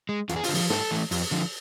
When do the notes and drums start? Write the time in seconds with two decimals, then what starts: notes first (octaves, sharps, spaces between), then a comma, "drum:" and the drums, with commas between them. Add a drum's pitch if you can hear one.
0.09 G#3
0.29 E2 F4, drum: hi-hat
0.36 G#4
0.44 F4, drum: open hi-hat
0.49 D3
0.54 F3, drum: open hi-hat
0.70 G#2 A4, drum: snare
0.91 E3 A3
1.11 F2, drum: open hi-hat
1.31 D3 F3